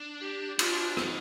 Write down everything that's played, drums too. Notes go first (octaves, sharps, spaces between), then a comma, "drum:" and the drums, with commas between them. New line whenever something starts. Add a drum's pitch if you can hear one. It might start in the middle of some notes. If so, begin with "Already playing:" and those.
Already playing: D4
G4
D4 F4, drum: cymbal
D#4, drum: rim click